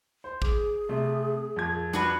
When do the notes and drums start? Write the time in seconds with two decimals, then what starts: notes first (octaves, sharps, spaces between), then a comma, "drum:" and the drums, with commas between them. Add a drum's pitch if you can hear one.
0.24 C5
0.42 G#4 D6, drum: kick
0.89 C3 A3
1.56 F2 A#2 G#6
1.93 D4 F#4 B4, drum: tom G3